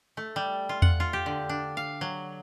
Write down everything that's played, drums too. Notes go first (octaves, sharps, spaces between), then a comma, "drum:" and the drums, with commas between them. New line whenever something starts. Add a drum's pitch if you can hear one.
A3
G3
F4
F#5, drum: tom E2
F4
G4
D3
D4
F5
F#3